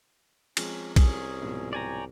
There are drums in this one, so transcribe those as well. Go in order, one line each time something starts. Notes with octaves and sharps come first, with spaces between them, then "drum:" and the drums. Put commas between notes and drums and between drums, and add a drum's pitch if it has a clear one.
F3 G#3 C4 C#4, drum: cymbal
C2 C#4 G#4, drum: kick A#1, cymbal
G#2 B2 F3
C#5 D5 G5 G#5 A#5